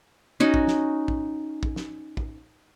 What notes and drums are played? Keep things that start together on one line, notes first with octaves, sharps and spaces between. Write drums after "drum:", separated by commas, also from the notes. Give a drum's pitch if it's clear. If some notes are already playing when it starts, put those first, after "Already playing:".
C#4 D#4 F#4
drum: kick
drum: snare
drum: kick
drum: kick
drum: snare
drum: kick